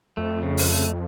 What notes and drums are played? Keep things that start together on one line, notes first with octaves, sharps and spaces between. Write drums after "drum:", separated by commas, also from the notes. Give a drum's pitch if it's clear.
F2 A3
C#3
drum: open hi-hat
A3